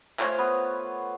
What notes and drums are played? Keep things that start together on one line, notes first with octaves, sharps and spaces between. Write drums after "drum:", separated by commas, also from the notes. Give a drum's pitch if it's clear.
A3 F4 C5 C#5, drum: clap
B3 B4